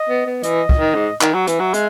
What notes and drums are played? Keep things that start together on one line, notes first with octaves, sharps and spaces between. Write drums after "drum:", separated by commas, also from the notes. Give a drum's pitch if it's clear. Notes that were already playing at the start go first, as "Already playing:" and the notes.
Already playing: D#5
B3
B3
E3 D#5, drum: hi-hat
drum: kick
D#3
G#2
D#3, drum: clap
F#3
E3 E5, drum: hi-hat
F#3
G#3, drum: hi-hat